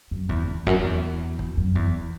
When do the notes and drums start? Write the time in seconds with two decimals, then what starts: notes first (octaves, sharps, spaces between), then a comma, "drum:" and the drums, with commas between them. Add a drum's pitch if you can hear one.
0.11 F#2
0.29 E2, drum: kick
0.48 E2
0.67 F#2, drum: kick
0.79 F#2
0.84 E2
1.39 drum: kick
1.57 F#2
1.75 E2, drum: kick